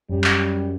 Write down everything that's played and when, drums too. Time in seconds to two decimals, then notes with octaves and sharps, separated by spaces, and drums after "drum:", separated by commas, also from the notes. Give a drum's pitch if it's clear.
0.09 F#2 G3
0.24 drum: clap